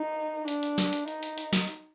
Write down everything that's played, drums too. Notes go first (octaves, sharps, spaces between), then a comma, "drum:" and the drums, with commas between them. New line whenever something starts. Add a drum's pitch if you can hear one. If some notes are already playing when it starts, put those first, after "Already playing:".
Already playing: D#4
D4, drum: hi-hat
drum: hi-hat
drum: snare
drum: hi-hat
D#4, drum: hi-hat
drum: hi-hat
drum: hi-hat
drum: snare
drum: hi-hat